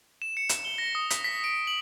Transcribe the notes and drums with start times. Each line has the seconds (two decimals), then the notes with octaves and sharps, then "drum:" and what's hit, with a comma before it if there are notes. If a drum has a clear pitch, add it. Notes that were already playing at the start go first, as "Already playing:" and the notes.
0.22 E7
0.37 C#7
0.49 drum: hi-hat
0.65 G7
0.78 A#6
0.95 D#6
1.10 B6, drum: hi-hat
1.24 B6
1.44 D7
1.67 F#7